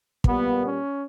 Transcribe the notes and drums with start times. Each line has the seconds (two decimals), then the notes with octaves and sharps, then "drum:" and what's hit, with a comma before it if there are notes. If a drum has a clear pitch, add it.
0.24 A#2 G3 A#3 B3, drum: kick
0.63 C#4